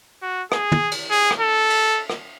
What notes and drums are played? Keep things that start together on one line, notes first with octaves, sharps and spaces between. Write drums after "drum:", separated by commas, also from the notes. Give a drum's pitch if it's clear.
F#4
G#4, drum: rim click
drum: tom
drum: cymbal
G#4
drum: rim click
A4
drum: cymbal
drum: rim click